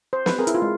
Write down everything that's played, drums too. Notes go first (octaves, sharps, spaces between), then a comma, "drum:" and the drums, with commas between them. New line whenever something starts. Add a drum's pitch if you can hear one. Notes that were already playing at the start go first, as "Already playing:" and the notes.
C5
B4, drum: snare
C4 G#4 A#4
E4, drum: hi-hat
F4
G#3